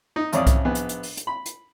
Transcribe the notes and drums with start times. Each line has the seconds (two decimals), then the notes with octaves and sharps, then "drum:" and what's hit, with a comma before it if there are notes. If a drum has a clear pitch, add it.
0.16 D#4
0.32 A1 F2 C#4 D5 F5 D#6, drum: hi-hat
0.47 drum: kick C2, hi-hat
0.65 A#1 B3 G#5
0.75 drum: hi-hat
0.89 drum: hi-hat
1.03 drum: open hi-hat
1.17 drum: hi-hat
1.27 B5
1.46 drum: hi-hat